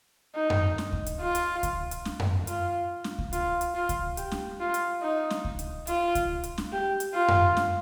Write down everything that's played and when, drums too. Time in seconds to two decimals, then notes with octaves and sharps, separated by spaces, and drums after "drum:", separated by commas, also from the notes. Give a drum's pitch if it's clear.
0.35 D#4
0.50 drum: tom F#2
0.78 drum: snare
0.92 drum: kick C#2
1.06 drum: hi-hat
1.21 F4
1.35 drum: hi-hat
1.63 drum: kick C#2, hi-hat
1.91 drum: hi-hat
2.05 drum: snare
2.20 drum: tom F#2
2.47 F4, drum: hi-hat
3.04 drum: snare
3.18 drum: kick C#2
3.33 F4, drum: hi-hat
3.61 drum: hi-hat
3.75 F4
3.89 drum: kick C#2, hi-hat
4.17 G4, drum: hi-hat
4.32 drum: snare
4.60 F4
4.74 drum: hi-hat
5.02 D#4
5.30 drum: snare
5.45 drum: kick C#2
5.59 drum: hi-hat
5.87 F4, drum: hi-hat
6.15 drum: kick C#2, hi-hat
6.44 drum: hi-hat
6.58 drum: snare
6.72 G4
7.00 drum: hi-hat
7.14 F4
7.28 drum: tom F#2
7.57 drum: snare